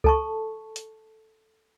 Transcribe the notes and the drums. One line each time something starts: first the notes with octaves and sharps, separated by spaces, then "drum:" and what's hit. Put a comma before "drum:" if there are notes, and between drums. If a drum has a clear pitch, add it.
A4 A5 C#6, drum: kick C2
drum: hi-hat